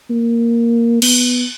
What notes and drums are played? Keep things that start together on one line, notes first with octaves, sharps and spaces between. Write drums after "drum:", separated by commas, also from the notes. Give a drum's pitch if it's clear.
A#3
B3, drum: cymbal